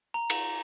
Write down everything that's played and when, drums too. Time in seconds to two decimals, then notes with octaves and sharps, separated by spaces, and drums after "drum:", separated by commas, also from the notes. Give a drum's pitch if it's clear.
0.14 A#5
0.30 drum: cymbal